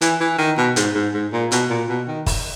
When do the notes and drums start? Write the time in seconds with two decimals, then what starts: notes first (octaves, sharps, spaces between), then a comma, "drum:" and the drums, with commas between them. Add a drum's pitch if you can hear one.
0.01 E3, drum: hi-hat
0.20 E3
0.38 D#3
0.57 B2
0.76 G#2, drum: hi-hat
0.95 G#2
1.14 G#2
1.33 A#2
1.52 B2, drum: hi-hat
1.70 A#2
1.89 B2
2.07 D#3
2.26 drum: kick, open hi-hat